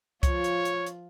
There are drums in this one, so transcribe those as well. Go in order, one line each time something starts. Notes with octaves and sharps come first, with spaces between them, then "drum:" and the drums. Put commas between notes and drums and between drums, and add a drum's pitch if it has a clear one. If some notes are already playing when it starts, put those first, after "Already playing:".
F3 F4 C#5, drum: kick C2, hi-hat
drum: hi-hat
drum: hi-hat
drum: hi-hat